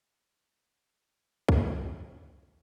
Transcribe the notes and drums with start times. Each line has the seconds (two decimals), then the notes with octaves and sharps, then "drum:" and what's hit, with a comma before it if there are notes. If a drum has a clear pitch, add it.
0.15 G2 G4
0.31 D5
0.35 B4
0.55 A2 G4
0.74 A4
0.95 B4
1.49 drum: kick
1.74 G2
2.14 G2
2.46 G5